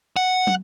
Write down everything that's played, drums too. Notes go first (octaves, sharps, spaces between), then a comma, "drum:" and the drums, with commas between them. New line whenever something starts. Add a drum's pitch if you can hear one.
F#5
drum: tom